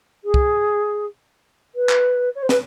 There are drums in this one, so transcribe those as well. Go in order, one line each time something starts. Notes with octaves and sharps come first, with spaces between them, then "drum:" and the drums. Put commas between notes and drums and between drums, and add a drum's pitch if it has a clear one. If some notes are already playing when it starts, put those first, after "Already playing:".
G#4
drum: kick C2
B4
drum: clap
C#5
C5
B4, drum: snare